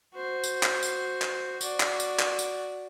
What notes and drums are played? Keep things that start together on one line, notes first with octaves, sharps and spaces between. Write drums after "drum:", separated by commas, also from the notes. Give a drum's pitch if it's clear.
F#4 C5
drum: tambourine
drum: clap
drum: tambourine
drum: clap
F#4 D5, drum: tambourine
drum: clap
drum: tambourine
drum: clap
drum: tambourine